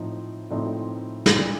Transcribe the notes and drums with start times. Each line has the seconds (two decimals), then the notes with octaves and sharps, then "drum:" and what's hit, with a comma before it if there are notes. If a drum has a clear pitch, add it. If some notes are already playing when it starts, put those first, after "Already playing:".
Already playing: A2 F3 C4 D#4
0.50 A2 F3 C4 D#4
1.26 drum: snare
1.35 A#2 G3 D4